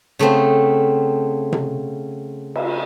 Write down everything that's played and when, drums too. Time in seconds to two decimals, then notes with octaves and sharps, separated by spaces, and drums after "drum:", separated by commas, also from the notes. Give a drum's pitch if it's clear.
0.19 C#3 A3 B3 C4
1.52 drum: tom C3
2.56 drum: cymbal